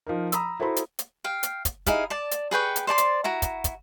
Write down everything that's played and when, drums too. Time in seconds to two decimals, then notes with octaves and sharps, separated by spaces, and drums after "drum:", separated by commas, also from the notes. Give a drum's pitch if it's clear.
0.07 F3 D#4 A#4
0.32 A#5 B5 D#6 E6, drum: hi-hat
0.60 E4 F#4 A4 C5 A#5 B5
0.76 drum: hi-hat
0.99 drum: hi-hat
1.24 F5 G5
1.43 drum: hi-hat
1.65 drum: kick, hi-hat
1.86 D#4 E4 G#4 F5, drum: kick, hi-hat
2.10 D5 A5
2.31 drum: hi-hat
2.51 G#4 B4 G5 C#6
2.76 drum: hi-hat
2.87 C5 D5 A5 C6
2.98 drum: hi-hat
3.24 E4 F#4 A#5
3.42 drum: kick, hi-hat
3.64 drum: kick, hi-hat